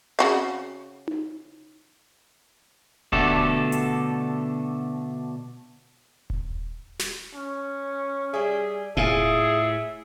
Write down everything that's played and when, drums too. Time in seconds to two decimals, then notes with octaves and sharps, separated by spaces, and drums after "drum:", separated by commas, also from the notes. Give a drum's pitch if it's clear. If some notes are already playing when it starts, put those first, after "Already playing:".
0.19 C#3 F#4 F5
1.08 drum: tom D#4
3.12 B2 D3 A3 D4 G4 A4, drum: kick D#1
3.72 drum: hi-hat
6.30 drum: kick D#1
6.99 drum: snare
7.35 C#4
8.33 G3 G#4 E5
8.97 A2 F4 G#4 E5 F5 G#5, drum: kick D#1